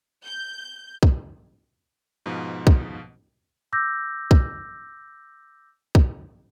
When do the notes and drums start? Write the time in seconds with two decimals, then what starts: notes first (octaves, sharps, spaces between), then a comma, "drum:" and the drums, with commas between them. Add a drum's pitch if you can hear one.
0.24 G6
1.03 drum: kick
2.26 G#2 B2 F3
2.67 drum: kick
3.73 D6 E6 G6 A#6
4.31 drum: kick
5.95 drum: kick